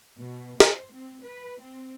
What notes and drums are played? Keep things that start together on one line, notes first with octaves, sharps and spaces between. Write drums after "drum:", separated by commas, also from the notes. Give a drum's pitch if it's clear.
B2
C5, drum: snare
C4
B4
C4